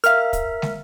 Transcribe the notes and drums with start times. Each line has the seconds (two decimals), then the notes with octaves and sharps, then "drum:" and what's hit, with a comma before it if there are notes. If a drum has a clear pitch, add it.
0.04 A#4 E5 F5 F6, drum: hi-hat
0.33 drum: kick, hi-hat
0.62 drum: snare